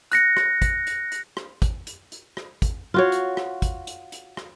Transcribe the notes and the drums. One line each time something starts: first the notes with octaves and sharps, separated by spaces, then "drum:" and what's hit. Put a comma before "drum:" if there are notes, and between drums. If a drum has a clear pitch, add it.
F#6 A#6 C#7, drum: hi-hat
drum: rim click
drum: kick, hi-hat
drum: hi-hat
drum: hi-hat
drum: rim click
drum: kick, hi-hat
drum: hi-hat
drum: hi-hat
drum: rim click
drum: kick, hi-hat
F4 F#4 C#5
drum: hi-hat
drum: rim click
drum: kick, hi-hat
drum: hi-hat
drum: hi-hat
drum: rim click